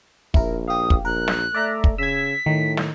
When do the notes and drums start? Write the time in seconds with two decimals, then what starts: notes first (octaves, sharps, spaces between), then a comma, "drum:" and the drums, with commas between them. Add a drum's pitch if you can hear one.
0.34 A#1 E4 A#4, drum: kick
0.68 G4 F5 D#6
0.90 drum: kick
1.05 A#1 A#4 F#6
1.28 drum: snare
1.55 A3 D5 E5 A#5
1.84 drum: kick
1.98 C#3 E6 G#6 B6
2.46 A2 D#3
2.77 drum: snare